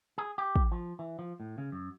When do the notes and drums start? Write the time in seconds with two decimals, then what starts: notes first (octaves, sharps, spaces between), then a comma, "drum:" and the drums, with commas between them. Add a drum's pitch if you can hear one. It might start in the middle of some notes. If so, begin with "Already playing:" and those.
0.18 G#4
0.38 G4
0.56 drum: kick
0.72 F3
0.99 E3
1.19 F3
1.40 A2
1.58 C#3
1.72 F#2